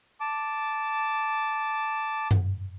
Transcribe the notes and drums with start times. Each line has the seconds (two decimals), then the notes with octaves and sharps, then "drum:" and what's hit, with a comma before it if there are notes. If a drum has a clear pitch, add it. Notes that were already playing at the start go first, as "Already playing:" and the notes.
0.20 A5 D6
2.31 drum: tom F#2